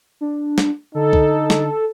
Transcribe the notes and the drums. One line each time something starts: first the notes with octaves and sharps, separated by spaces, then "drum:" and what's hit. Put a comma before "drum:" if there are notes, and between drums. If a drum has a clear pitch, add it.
D4
drum: snare
D3 D#4 A4
drum: kick
drum: snare